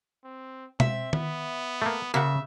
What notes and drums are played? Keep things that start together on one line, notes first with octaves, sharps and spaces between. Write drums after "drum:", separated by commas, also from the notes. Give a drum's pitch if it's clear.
C4
C4 E5, drum: tom B2
B3, drum: tom D#3
A3 A#3
C#3 A#3 E5 F#5